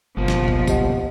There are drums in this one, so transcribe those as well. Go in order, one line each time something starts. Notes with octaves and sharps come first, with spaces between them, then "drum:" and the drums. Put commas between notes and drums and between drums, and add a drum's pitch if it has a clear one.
G1 F2 B2 F3 A#3
drum: snare
drum: kick
G4 D#5 F#5, drum: kick, tambourine